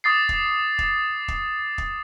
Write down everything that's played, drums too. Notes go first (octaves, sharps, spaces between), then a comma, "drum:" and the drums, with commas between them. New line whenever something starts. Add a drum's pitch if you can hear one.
D6 D#6 A6 C7
drum: kick
drum: kick
drum: kick
drum: kick